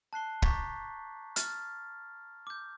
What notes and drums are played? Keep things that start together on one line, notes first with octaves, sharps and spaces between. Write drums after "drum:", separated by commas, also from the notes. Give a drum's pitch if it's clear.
A5 F#6 C7 G7
A#5 C#6 D6 G6 A6 B6, drum: kick
F6 A6, drum: hi-hat
D6 G6